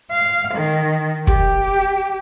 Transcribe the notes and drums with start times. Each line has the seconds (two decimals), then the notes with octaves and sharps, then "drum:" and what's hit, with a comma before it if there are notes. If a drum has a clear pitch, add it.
0.11 F5
0.55 D#3
1.27 G4, drum: kick